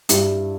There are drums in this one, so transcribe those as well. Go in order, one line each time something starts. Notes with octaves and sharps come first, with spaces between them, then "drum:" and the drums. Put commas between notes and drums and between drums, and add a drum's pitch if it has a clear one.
G2 G3 E4 G4, drum: hi-hat